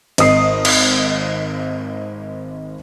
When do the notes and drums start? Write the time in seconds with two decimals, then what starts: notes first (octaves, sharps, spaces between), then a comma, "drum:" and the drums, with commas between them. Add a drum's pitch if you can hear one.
0.18 G#1 D#5 D#6 C7, drum: cymbal
0.65 drum: cymbal